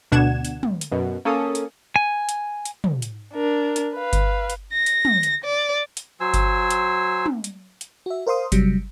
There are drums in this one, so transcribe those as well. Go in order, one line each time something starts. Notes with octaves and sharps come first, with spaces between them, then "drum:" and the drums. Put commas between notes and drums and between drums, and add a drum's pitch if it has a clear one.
D2 B2 D4 F#5 G#6 E7
drum: hi-hat
drum: tom
drum: hi-hat
F#2 B2
A#3 C#4 A4 D#6
drum: hi-hat
G#5
drum: hi-hat
drum: hi-hat
drum: tom
drum: hi-hat
D4 A#4
drum: hi-hat
B4 F5
drum: kick G1, hi-hat
drum: hi-hat
A#6
drum: hi-hat
drum: tom
drum: hi-hat
D5
drum: hi-hat
F#3 C5 G#5 E6
drum: kick G1, hi-hat
drum: hi-hat
drum: tom
drum: hi-hat
drum: hi-hat
F#4 E5
A#4 C5 F5 C6 D#6
C3 F#3 G3, drum: kick G1, hi-hat